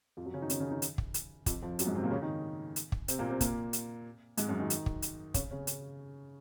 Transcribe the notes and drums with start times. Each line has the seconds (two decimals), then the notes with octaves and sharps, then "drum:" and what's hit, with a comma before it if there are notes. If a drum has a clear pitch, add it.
0.17 F2 F3
0.25 F#2 F#3
0.34 C#3 C#4
0.42 D#3 D#4
0.50 C#3 C#4, drum: hi-hat
0.60 C#3 C#4
0.71 D#3 D#4
0.82 drum: hi-hat
0.98 drum: kick
1.14 drum: hi-hat
1.46 F2 F3, drum: kick, hi-hat
1.62 F2 F3
1.79 F#2 F#3, drum: hi-hat
1.87 G#2 G#3
1.95 C3 C4
2.03 A#2 A#3
2.11 C#3 C#4
2.22 D#3 D#4
2.76 drum: hi-hat
2.92 drum: kick
3.08 C3 C4, drum: hi-hat
3.19 A#2 A#3
3.30 C3 C4
3.41 A#2 A#3, drum: kick, hi-hat
3.73 drum: hi-hat
4.37 G#2 G#3, drum: hi-hat
4.48 F#2 F#3
4.59 D#3 D#4
4.70 drum: hi-hat
4.86 drum: kick
5.02 drum: hi-hat
5.34 C#3 C#4, drum: kick, hi-hat
5.51 C#3 C#4
5.67 drum: hi-hat